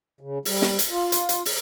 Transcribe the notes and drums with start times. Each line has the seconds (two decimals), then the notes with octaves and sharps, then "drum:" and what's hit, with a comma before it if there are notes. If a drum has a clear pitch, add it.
0.21 C#3
0.45 G3, drum: open hi-hat
0.62 drum: snare
0.79 drum: hi-hat
0.90 F4
1.12 drum: hi-hat
1.29 drum: hi-hat
1.45 drum: open hi-hat